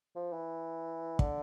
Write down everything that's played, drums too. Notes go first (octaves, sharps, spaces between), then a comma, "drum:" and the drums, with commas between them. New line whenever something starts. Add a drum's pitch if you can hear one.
F3
E3
D3, drum: kick